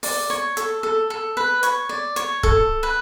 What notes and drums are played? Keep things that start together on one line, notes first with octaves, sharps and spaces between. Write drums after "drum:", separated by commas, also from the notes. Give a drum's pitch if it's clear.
D5, drum: open hi-hat
C#5
A4, drum: hi-hat
A4
A4
B4
C#5, drum: hi-hat
D5
C#5, drum: hi-hat
A4, drum: kick
B4